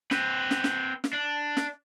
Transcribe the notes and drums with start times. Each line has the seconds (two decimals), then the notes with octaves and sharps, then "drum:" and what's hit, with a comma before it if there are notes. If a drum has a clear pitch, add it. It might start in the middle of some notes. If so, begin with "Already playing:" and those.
0.11 C4 B4, drum: snare
0.51 drum: snare
0.64 drum: snare
1.04 drum: snare
1.13 D4
1.57 drum: snare